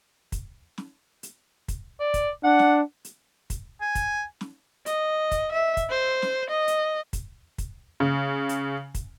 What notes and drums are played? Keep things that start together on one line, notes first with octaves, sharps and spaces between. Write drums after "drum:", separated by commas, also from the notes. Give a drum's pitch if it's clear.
drum: kick, hi-hat
drum: snare
drum: hi-hat
drum: kick, hi-hat
D5
drum: kick, hi-hat
D4 F#5
drum: snare
drum: hi-hat
drum: kick, hi-hat
G#5
drum: kick, hi-hat
drum: snare
D#5, drum: hi-hat
drum: kick, hi-hat
E5
drum: kick, hi-hat
C5
drum: snare
D#5
drum: hi-hat
drum: kick, hi-hat
drum: kick, hi-hat
C#3
drum: hi-hat
drum: kick, hi-hat